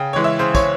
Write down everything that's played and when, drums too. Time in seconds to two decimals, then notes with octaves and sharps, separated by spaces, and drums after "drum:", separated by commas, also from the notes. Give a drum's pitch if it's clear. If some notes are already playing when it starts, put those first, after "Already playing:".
Already playing: C#3 G5
0.13 E3 G#3 C#5
0.24 E5
0.39 C#3 C5
0.55 C#5, drum: kick, tambourine